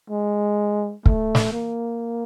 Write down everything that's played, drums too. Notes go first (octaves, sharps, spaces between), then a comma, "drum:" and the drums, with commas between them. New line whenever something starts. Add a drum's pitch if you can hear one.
G#3
A3, drum: kick
drum: snare
A#3